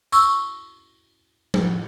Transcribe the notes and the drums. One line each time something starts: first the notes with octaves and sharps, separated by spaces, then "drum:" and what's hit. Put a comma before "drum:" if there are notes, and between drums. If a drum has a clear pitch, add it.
C#6 E6, drum: tambourine
drum: tom F3